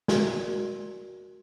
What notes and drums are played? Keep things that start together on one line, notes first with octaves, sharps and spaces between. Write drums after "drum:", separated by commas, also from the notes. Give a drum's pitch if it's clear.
F#4 A#4 D5, drum: snare